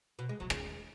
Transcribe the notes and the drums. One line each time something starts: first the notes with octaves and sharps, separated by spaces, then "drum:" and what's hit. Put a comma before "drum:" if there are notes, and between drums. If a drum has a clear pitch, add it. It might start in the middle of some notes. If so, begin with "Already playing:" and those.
B2
G#3
E3 F#3
D#3 G#3, drum: rim click